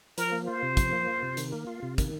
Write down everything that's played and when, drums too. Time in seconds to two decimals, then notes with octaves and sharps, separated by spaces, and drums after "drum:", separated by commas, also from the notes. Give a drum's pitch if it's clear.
0.18 F3 A#4, drum: hi-hat
0.32 A#3
0.47 F4 C5
0.63 C3
0.77 F3, drum: kick, hi-hat
0.92 A#3
1.08 F4
1.22 C3
1.37 D#3, drum: hi-hat
1.52 A#3
1.67 F4
1.83 C3
1.98 D#3, drum: kick, hi-hat